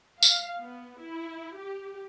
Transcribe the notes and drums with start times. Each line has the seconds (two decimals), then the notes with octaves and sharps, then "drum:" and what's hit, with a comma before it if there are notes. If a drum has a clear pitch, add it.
0.23 F5, drum: tambourine
0.60 B3
1.00 E4
1.56 G4